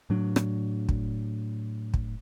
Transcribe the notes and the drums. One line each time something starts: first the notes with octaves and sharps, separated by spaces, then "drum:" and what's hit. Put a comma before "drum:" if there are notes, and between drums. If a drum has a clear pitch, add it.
A2 F#3 D4
drum: rim click
drum: kick
drum: kick